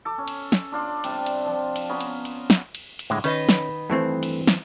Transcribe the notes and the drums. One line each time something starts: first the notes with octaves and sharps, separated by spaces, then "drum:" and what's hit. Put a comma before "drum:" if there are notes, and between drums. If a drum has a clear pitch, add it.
A4 D6
C#4
drum: cymbal
drum: snare
D4 F4 D5
C3 G3, drum: cymbal
drum: cymbal
F3
drum: cymbal
B3 C#4 A#5 B5
drum: cymbal
drum: cymbal
drum: snare
drum: cymbal
drum: cymbal
A2 D3 G#3
D#3 C#4 B4 D#5, drum: cymbal
drum: snare
G2 E3 A3 C4
drum: cymbal
drum: snare